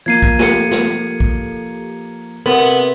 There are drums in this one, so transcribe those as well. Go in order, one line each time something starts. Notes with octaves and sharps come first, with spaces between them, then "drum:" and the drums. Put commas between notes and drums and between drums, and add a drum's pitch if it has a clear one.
F3 A#3 G#6 C7 D#7
drum: kick
G4 A4 C#7 D#7, drum: snare
drum: snare
drum: kick
C3 B3 A4 A#4 C6